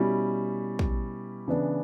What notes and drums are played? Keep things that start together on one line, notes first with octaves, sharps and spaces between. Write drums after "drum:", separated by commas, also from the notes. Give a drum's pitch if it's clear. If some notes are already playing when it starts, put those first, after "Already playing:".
Already playing: B2 G3 C#4 E4
drum: kick
C#3 E3 B3 D4